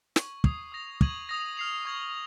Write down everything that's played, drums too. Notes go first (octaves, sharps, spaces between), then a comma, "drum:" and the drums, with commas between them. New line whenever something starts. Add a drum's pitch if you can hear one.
C#6 G#6 D#7 F#7, drum: snare
D#6 G#6 C7, drum: kick
D#6 A#6 F7
C#6 G#6 D#7 F#7, drum: kick
D#6 A#6 F7
F6 C7 F7
C#6 G#6 C7 F#7